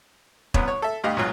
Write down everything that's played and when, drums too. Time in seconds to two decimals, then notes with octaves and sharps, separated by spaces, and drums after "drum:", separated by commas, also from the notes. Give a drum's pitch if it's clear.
0.54 C2 B3 C#4, drum: kick E1
0.68 C#5
0.82 A4 E5
1.03 D2 G2 G4 D#5 F5 D#6
1.17 B1 G#2 F#3 F4